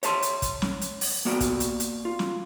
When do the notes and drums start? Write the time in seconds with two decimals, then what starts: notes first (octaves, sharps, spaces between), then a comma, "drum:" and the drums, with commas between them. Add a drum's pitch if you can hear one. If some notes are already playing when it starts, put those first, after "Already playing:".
0.03 C#5 E5 A5 C6, drum: hi-hat
0.22 drum: hi-hat
0.42 drum: kick, hi-hat
0.62 drum: snare
0.81 drum: hi-hat
1.01 drum: open hi-hat
1.25 A#3 B3 F#4 D5 G5
1.40 drum: kick, hi-hat
1.60 drum: hi-hat
1.80 drum: hi-hat
2.05 F4
2.19 drum: snare